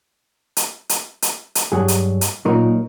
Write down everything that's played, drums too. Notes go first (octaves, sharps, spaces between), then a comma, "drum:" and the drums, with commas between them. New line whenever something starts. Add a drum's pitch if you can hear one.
drum: hi-hat
drum: hi-hat
drum: hi-hat
drum: hi-hat
G2 F#3 G#4
drum: hi-hat
drum: hi-hat
A#2 F#3 D#4 A#4